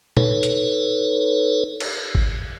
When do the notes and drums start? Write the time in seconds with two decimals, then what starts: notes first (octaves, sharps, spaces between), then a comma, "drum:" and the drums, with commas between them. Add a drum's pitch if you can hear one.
0.17 D#4 A4 B4 C#5, drum: tom A#2
0.43 drum: hi-hat
1.80 drum: cymbal
2.15 drum: kick G#1